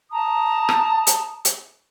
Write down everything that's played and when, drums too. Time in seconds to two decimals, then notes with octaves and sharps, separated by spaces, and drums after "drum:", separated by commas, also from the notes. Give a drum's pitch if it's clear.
0.11 A5 A#5 D#6
0.69 drum: rim click
1.07 drum: hi-hat
1.45 drum: hi-hat